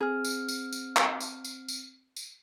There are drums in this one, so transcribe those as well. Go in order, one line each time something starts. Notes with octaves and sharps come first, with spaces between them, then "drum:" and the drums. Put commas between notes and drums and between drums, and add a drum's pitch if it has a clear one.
C4 G#4 F6
drum: tambourine
drum: tambourine
drum: tambourine
drum: clap
drum: tambourine
drum: tambourine
drum: tambourine
drum: tambourine